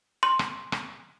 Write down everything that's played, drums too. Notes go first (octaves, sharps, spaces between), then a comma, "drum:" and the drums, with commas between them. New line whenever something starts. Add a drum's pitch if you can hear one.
C6
drum: rim click
drum: rim click